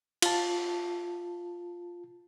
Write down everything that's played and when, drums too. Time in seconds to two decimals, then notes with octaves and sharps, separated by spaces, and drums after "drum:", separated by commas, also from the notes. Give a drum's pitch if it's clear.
0.22 F4 A5, drum: cymbal